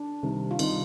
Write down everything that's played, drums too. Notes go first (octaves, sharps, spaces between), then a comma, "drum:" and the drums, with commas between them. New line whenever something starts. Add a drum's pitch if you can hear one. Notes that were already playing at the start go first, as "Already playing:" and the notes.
Already playing: D4
C3 D#3 G3
F4
C3 D#3 G3 D#4, drum: cymbal